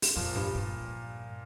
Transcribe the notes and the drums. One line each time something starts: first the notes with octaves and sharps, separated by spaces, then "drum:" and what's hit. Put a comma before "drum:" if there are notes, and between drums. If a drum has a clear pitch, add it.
drum: open hi-hat
F2 A#2 F3 A#3
G2
G2